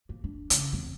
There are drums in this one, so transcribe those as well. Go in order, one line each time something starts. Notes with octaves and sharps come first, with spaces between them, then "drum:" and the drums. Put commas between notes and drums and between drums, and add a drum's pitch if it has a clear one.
A#3
D4
C#3, drum: hi-hat
E2 C4